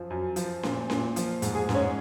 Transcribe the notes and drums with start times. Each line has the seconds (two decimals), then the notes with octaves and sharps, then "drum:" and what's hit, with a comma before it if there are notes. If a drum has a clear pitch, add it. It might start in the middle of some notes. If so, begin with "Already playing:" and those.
Already playing: F#2 F3
0.10 F#2
0.36 F3, drum: hi-hat
0.63 A#2, drum: snare C#4
0.90 A#2, drum: snare C#4
1.16 F3, drum: hi-hat
1.42 G#2, drum: hi-hat
1.55 G#4 G#5
1.69 G#2, drum: snare C#4
1.75 C#4 C#5